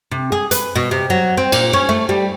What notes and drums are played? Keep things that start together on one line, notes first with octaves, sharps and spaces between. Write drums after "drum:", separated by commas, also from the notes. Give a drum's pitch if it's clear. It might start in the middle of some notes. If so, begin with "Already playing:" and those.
C3
G#4
B4, drum: hi-hat
B2
C3
F#3
C4
A#2, drum: cymbal
C#4
A3
G3